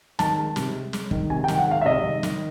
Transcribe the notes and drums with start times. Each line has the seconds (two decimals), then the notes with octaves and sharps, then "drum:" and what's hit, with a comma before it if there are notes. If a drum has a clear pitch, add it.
0.19 D#3 A5, drum: snare
0.38 G#3
0.56 C3, drum: snare
0.74 G#3
0.93 G#3, drum: snare
1.11 D#3, drum: kick
1.30 C3 G#5
1.44 G5
1.48 D#3, drum: snare
1.58 F#5
1.67 G#3 F5
1.81 E5
1.85 C3 D#5
2.03 D#3
2.23 D#3, drum: snare